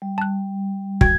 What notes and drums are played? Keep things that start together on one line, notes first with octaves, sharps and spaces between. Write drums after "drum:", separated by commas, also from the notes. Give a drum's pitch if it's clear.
G3
A5 F#6
F#4 G5 G#6, drum: kick